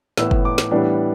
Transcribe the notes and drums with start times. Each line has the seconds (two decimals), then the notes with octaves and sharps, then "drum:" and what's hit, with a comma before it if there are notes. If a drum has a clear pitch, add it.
0.18 A2 E3 B3 E6, drum: snare
0.31 drum: kick F#1
0.45 D6
0.58 drum: snare
0.71 A2 E3 G3 B3 D4